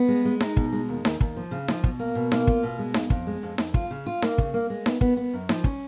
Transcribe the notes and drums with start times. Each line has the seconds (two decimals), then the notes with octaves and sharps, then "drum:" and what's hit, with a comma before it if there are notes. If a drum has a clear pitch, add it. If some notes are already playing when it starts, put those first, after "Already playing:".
Already playing: B3
0.08 G#3
0.25 G#3
0.41 D#4, drum: snare D#4
0.57 B2, drum: kick
0.73 G#3
0.89 D#2
1.05 D#2, drum: snare D#4
1.21 D#2, drum: kick
1.37 F3
1.51 C#3
1.68 F3, drum: snare D#4
1.84 B2, drum: kick
1.99 A#3
2.15 B2
2.32 A#3, drum: snare D#4
2.47 F4, drum: kick
2.63 B2
2.79 G#3
2.94 F2, drum: snare D#4
3.10 F2, drum: kick
3.27 G#3
3.43 F2
3.58 F2, drum: snare D#4
3.74 F4, drum: kick
3.91 C#3
4.06 F4
4.22 A#3, drum: snare D#4
4.38 C#3, drum: kick
4.54 A#3
4.70 G#3
4.86 B3, drum: snare D#4
5.01 B3, drum: kick
5.17 B3
5.33 F#2
5.49 F3, drum: snare D#4
5.64 C#4, drum: kick